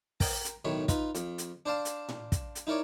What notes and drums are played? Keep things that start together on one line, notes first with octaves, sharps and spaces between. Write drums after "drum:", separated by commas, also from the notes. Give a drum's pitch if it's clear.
A#4 G5, drum: kick, open hi-hat
drum: hi-hat
B1 A2 D#3 C#5 B5
D#4 F4 B4, drum: kick, hi-hat
F2, drum: hi-hat
drum: hi-hat
D4 C5 D5 F5 A5
drum: hi-hat
drum: tom A2
drum: kick, hi-hat
drum: hi-hat
D#4 E4 A#4 C#5 D5